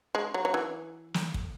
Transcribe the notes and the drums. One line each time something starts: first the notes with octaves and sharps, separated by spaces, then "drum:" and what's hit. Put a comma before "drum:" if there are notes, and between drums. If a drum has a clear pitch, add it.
G#3
F#3
F#3
E3
drum: snare
drum: kick